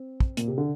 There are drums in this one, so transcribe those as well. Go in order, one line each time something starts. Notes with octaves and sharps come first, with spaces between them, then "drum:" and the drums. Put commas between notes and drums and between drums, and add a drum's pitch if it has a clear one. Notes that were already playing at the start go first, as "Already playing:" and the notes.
Already playing: C4
drum: kick
A#2, drum: hi-hat
C3
D3